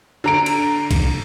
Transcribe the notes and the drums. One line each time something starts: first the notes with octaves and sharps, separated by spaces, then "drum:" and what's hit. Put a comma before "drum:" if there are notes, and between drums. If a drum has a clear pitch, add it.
D3 A#5 D7
drum: cymbal
drum: kick C2, cymbal